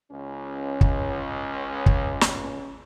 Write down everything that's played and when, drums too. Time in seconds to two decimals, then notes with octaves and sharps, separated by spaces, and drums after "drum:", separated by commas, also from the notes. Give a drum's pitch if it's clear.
0.11 C#2 C#4
0.81 drum: kick
1.86 drum: kick
2.21 drum: snare